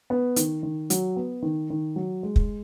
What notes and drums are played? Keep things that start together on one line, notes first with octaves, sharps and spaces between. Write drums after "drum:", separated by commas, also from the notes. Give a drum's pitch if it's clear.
B3
D#3, drum: hi-hat
D#3
F#3, drum: hi-hat
B3
D#3
D#3
F#3
G#3
drum: kick